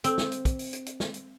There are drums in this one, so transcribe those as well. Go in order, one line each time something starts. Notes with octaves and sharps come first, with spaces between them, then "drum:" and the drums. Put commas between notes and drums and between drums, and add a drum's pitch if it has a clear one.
C4, drum: hi-hat
drum: snare
drum: hi-hat
drum: kick, hi-hat
drum: open hi-hat
drum: hi-hat
drum: hi-hat
drum: snare
drum: hi-hat